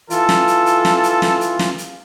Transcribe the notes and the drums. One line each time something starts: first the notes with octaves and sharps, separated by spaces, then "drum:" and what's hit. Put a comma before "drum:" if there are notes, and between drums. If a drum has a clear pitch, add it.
E3 F4 A4, drum: hi-hat
drum: snare
drum: hi-hat
drum: hi-hat
drum: snare
drum: hi-hat
drum: snare
drum: hi-hat
drum: snare
drum: hi-hat